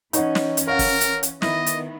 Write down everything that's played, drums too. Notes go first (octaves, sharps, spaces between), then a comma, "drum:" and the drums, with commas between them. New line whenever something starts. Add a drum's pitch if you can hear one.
E3 C#4 D#4 C#5 F#5, drum: hi-hat
drum: snare
drum: hi-hat
A#4 C#5 F5 F#5
drum: kick, open hi-hat
drum: hi-hat
drum: hi-hat
D#3 B3 E4 D#5, drum: snare
drum: hi-hat